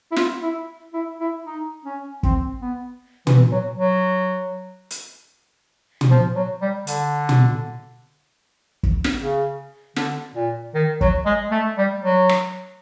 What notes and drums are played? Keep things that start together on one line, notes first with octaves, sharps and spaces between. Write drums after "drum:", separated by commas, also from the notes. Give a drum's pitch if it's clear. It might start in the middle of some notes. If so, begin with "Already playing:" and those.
E4
F4, drum: snare
E4
E4
E4
D#4
C#4
C4, drum: kick
B3
E3, drum: tom
F#3
F#3
drum: hi-hat
drum: tom
F3
F#3
G3
D3, drum: hi-hat
drum: tom
drum: kick
drum: snare
C#3
D3, drum: snare
A#2
D#3
F#3, drum: kick
G#3
A3
G3
F#3
drum: rim click